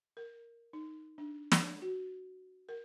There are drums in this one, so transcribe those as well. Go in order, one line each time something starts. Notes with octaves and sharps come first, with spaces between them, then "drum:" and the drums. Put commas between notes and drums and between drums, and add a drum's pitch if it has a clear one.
A#4
D#4
D4
drum: snare
F#4
A#4